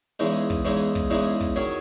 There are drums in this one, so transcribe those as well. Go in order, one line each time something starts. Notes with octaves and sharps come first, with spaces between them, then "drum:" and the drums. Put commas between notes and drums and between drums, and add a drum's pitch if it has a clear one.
E2 C#3 E3 G#3 D#4
drum: kick
E2 C#3 E3 G#3 D#4
drum: kick
E2 C#3 E3 G#3 D#4
drum: kick
D#3 F#3 C#4 G#4